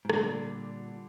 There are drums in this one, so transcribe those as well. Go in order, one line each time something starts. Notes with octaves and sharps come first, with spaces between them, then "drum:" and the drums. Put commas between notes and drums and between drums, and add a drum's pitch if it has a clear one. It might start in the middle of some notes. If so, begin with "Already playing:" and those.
G#2
A#2 D3 G3 D4, drum: rim click